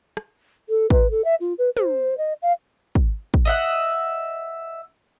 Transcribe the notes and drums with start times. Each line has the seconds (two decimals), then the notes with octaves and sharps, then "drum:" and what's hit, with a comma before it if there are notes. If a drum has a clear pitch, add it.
0.17 drum: rim click
0.69 A4
0.90 B4, drum: kick
1.11 A4
1.24 E5
1.41 F4
1.58 B4
1.77 C5, drum: tom
2.18 D#5
2.42 F5
2.95 drum: kick
3.34 drum: kick
3.45 D#5 E5 F#5